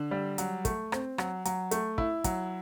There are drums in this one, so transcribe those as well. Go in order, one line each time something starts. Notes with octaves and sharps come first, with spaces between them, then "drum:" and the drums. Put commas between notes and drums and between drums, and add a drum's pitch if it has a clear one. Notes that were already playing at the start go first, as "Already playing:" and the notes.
Already playing: D3
G3
F#3, drum: hi-hat
A3, drum: kick, hi-hat
C4, drum: rim click
F#3, drum: rim click
F#3, drum: hi-hat
A3, drum: hi-hat
E4, drum: kick
F#3, drum: kick, hi-hat